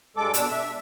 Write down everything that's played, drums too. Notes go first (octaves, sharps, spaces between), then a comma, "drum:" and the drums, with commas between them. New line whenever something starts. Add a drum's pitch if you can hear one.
G2 G#3 A4 D6
B2 D4 E6, drum: hi-hat
E5